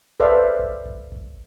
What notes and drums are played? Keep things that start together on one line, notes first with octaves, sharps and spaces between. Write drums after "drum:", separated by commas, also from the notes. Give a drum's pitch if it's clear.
A4 B4 C5 D5 E5 F5, drum: kick
drum: kick
drum: kick
drum: kick